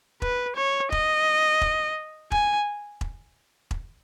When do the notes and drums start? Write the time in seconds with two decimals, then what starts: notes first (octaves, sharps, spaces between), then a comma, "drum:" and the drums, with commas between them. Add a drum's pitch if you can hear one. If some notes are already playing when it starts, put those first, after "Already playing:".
0.22 B4, drum: kick E1
0.56 C#5
0.92 D#5, drum: kick E1
1.61 drum: kick E1
2.32 G#5, drum: kick E1
3.01 drum: kick E1
3.71 drum: kick E1